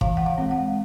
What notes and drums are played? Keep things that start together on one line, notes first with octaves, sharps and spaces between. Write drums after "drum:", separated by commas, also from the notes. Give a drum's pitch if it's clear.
E3 F5, drum: kick
F#5
F5
G#3 C4
F#5